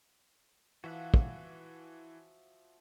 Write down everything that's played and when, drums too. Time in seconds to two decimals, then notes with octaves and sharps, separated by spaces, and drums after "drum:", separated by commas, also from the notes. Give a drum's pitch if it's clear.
0.84 E3 F3 F#4 E5 F#5
1.14 drum: kick